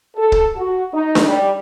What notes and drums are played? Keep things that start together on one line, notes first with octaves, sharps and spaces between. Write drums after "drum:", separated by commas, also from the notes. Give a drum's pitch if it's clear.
A4
drum: kick
F#4
D#4
drum: snare D4
G3